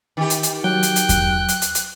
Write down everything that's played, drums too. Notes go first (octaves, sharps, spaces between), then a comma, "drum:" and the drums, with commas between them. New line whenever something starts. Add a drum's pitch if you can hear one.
D#3 G4
drum: hi-hat
drum: hi-hat
F#3 G5 F#6
drum: hi-hat
drum: hi-hat
drum: kick E2, hi-hat
drum: hi-hat
drum: hi-hat
drum: hi-hat